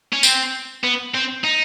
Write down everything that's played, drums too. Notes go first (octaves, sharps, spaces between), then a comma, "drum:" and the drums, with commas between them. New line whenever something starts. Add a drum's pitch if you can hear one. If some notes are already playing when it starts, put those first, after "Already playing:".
C#4
C4, drum: tambourine
B3
C4
D#4